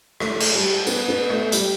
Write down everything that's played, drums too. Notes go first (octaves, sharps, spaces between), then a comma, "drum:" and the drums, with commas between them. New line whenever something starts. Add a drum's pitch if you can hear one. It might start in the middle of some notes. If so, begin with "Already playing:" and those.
A3, drum: rim click
drum: cymbal
G3
B3, drum: tambourine
B3
A3
G3, drum: hi-hat